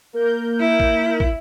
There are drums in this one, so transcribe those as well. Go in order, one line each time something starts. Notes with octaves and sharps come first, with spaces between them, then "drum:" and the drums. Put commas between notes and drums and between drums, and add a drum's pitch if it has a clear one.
A#3 A#4 G6
E4
drum: kick
drum: kick